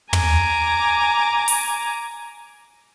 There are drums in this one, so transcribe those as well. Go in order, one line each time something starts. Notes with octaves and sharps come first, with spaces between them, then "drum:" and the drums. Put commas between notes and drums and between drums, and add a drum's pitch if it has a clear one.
G#5 A#5 D6, drum: tom
drum: open hi-hat